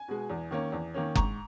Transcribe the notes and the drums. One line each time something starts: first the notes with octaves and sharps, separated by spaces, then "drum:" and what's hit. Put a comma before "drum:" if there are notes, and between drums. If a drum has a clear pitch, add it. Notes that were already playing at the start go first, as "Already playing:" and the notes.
Already playing: G#5
B2 G#3
E2
D#3 A#3 C#4
E2
D#3 A#3 C#4
G#2 A#5 C#6, drum: kick F#1